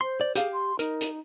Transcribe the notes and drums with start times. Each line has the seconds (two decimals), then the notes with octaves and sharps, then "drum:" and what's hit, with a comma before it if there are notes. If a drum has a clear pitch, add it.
0.01 C5 C6
0.21 D5
0.35 G4 G#4 F5, drum: hi-hat
0.53 C6
0.79 D#4 A#4, drum: hi-hat
1.01 drum: hi-hat